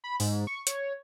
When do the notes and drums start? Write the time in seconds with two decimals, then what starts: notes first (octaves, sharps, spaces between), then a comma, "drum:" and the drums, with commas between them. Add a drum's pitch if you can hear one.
0.04 B5
0.20 G#2, drum: open hi-hat
0.47 C#6
0.67 C#5, drum: hi-hat